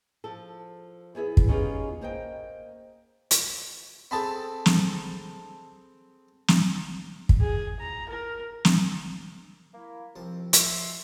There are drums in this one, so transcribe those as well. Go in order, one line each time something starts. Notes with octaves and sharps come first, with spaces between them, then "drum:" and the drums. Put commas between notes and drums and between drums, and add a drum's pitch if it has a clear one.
F3 A4
E2 B3 G#4 E5
drum: kick
B3 C#4 D#4 F4 G4 G#4
A#3 C5 D#5 G5
drum: hi-hat
C4 G#4 A4 A5 B5
drum: snare
drum: snare
drum: kick
G#4
A#5
A#4
drum: snare
A#3 E4
C2 F2 F3 C4 A5
E5 C6, drum: hi-hat